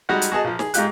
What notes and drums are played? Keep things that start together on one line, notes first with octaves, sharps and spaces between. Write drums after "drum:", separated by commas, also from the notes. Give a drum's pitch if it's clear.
G3 G#3 D#4 F#4 D#5 F#5
drum: hi-hat
F#4 G#4 D#5 A5
A#1 F3
G#4, drum: snare
G#2 G#3 F4 G4 F#6, drum: hi-hat